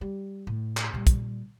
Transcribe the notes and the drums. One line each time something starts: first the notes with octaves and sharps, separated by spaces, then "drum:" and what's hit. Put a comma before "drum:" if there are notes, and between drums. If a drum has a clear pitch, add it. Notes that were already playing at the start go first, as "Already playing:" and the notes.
G3
A2
drum: clap
A#2 G3
drum: kick, hi-hat